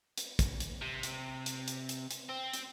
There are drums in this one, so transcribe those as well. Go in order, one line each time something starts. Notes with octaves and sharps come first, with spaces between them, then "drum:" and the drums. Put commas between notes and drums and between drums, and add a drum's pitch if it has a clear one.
drum: hi-hat
drum: kick, hi-hat
drum: hi-hat
C3
drum: hi-hat
drum: hi-hat
drum: hi-hat
drum: hi-hat
drum: hi-hat
C4
drum: hi-hat